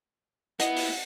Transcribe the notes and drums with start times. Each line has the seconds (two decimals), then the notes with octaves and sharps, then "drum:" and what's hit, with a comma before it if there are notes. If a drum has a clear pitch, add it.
0.60 B3 E4 D#5 F#5, drum: hi-hat
0.76 drum: open hi-hat